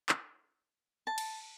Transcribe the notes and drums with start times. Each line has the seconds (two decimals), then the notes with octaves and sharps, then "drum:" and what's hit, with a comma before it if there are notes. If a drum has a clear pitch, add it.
0.09 drum: clap
1.07 A5
1.18 drum: cymbal